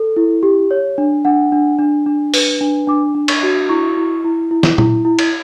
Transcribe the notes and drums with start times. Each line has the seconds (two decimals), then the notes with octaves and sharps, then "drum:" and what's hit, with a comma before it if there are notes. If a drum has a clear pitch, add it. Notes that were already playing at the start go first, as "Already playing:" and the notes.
Already playing: A4
0.17 E4
0.43 G4
0.71 C#5
0.98 D4
1.25 D4 F#5
1.52 D4
1.79 D4
2.06 D4
2.34 B4, drum: open hi-hat
2.61 D4
2.87 D4 D6
3.15 D4
3.28 C#6, drum: cymbal
3.43 F#4
3.69 E4 C#6
3.97 E4
4.24 E4
4.51 E4
4.63 drum: snare
4.78 E4, drum: tom A#2
5.05 E4
5.19 drum: cymbal